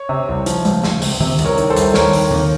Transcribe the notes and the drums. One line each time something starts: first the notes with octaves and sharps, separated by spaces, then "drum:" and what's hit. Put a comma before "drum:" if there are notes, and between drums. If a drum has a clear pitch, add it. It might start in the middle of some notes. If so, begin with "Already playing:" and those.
Already playing: C#5
C3
C2
F3, drum: hi-hat
C#2, drum: hi-hat
C#2, drum: snare
C3, drum: open hi-hat
C3, drum: tom D#3
C2, drum: hi-hat
A#4 C#5
D#3, drum: hi-hat
A4 C5
C2, drum: hi-hat
D#2 A#4 C#5, drum: snare
D#3, drum: open hi-hat
D#2, drum: tom D#3